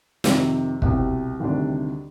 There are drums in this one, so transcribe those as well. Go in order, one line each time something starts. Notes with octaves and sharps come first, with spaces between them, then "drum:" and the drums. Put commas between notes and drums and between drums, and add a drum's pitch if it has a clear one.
F2 C3 D#3, drum: snare
C2 B2 G3 C4, drum: kick
D2 C3 D#3 G3 D4